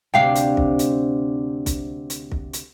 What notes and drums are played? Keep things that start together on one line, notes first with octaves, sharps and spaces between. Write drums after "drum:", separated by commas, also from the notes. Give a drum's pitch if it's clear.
D2 C3 D4 F5 G5
drum: hi-hat
drum: kick
drum: hi-hat
drum: kick, hi-hat
drum: hi-hat
drum: kick
drum: hi-hat